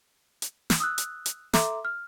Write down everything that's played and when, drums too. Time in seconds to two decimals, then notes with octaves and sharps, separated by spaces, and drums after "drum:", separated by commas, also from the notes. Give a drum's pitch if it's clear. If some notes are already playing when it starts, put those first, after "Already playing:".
0.42 drum: hi-hat
0.70 drum: snare
0.80 D#6 E6 F#6
0.98 drum: hi-hat
1.26 drum: hi-hat
1.53 A4 E5 A#5 C6 D6, drum: snare
1.85 F6